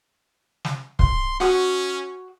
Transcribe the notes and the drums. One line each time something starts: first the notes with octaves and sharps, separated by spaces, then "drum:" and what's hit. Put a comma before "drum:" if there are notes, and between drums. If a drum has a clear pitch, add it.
drum: snare
C6, drum: kick
C#4 F#4 D#6